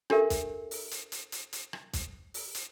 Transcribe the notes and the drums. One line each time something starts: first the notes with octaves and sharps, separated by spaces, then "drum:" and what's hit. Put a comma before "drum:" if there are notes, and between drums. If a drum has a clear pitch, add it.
D4 G4 A4 A#4 E5, drum: rim click
drum: kick, hi-hat
drum: open hi-hat
drum: hi-hat
drum: hi-hat
drum: hi-hat
drum: hi-hat
drum: rim click
drum: kick, hi-hat
drum: open hi-hat
drum: hi-hat